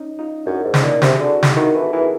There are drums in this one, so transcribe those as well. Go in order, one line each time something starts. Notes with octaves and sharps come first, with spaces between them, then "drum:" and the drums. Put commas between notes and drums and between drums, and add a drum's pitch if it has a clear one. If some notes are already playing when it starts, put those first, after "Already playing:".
Already playing: C#4 D#4
D#4 F4
F#2 D4 E4
G#2
C#4 D#4, drum: snare
A#2
C3 C4 D4, drum: snare
D3 F#4 G#4
E4 F#4
D#4 F4, drum: snare
D#3 E4 F#4
E3 A4 B4
E3 G#4 A#4